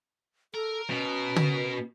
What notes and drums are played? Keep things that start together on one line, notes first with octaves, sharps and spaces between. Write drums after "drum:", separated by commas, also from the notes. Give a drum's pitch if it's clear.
A4 A#4
B2 C#4
drum: tom